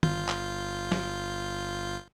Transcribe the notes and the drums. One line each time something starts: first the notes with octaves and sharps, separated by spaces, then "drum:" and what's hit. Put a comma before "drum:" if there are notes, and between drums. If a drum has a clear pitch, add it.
G1 F4 G6, drum: tom
drum: clap
drum: snare